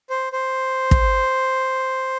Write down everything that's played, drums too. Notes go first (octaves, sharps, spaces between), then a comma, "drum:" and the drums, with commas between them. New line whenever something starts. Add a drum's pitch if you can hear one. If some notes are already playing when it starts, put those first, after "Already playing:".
C5
C5
drum: kick